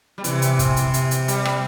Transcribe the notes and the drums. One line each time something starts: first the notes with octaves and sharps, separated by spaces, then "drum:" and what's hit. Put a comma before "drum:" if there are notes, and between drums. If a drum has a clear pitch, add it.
G3
C3 E3, drum: hi-hat
drum: hi-hat
drum: kick, hi-hat
drum: hi-hat
drum: hi-hat
drum: hi-hat
G3, drum: hi-hat
drum: rim click